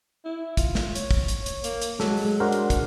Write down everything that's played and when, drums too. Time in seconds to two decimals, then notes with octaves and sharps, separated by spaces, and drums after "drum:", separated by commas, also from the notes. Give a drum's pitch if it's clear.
0.25 E4
0.57 F4, drum: kick, hi-hat
0.75 drum: snare
0.95 C#5, drum: hi-hat
1.11 drum: kick, open hi-hat
1.28 drum: hi-hat
1.46 drum: hi-hat
1.64 A#3, drum: hi-hat
1.81 drum: hi-hat
2.00 F#3 G#3 A4, drum: snare
2.17 drum: open hi-hat
2.40 D4 F#4 A#4 C5
2.52 drum: hi-hat
2.70 drum: kick, hi-hat